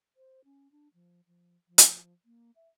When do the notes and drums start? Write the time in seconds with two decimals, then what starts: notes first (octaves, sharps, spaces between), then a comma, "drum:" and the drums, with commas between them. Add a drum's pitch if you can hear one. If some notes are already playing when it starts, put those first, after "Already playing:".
0.16 C5
0.44 C#4
0.72 D4
0.94 F3
1.27 F3
1.68 F3
1.78 drum: hi-hat
2.26 A#3
2.56 E5